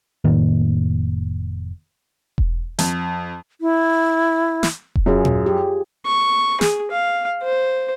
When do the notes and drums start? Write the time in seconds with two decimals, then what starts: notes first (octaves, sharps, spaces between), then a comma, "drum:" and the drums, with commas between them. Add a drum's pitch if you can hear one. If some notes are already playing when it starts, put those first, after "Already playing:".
0.24 F1 A2 D#3 A#3
2.38 drum: kick E1
2.79 F2, drum: hi-hat
3.61 E4
4.63 drum: snare
4.96 drum: kick E1
5.06 F#2 F4 G#4
5.25 drum: tom A#2
5.46 G4
6.06 C#6
6.61 G#4, drum: snare
6.91 F5
7.42 C5